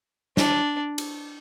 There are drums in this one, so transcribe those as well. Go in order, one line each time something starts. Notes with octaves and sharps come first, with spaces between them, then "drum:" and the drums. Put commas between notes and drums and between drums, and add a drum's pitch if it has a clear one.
D4, drum: snare
drum: cymbal